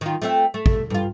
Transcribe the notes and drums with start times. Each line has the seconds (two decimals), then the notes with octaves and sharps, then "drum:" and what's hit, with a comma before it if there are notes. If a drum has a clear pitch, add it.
0.01 D#3 F4
0.22 A3 C4 E5
0.54 A3
0.66 drum: kick
0.90 G2 F4